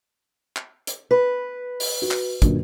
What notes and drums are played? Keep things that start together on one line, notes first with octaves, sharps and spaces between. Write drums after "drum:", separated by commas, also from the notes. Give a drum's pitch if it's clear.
drum: clap
drum: hi-hat
B4
drum: open hi-hat
F#4
drum: clap
F#2 A#2 D3, drum: kick, hi-hat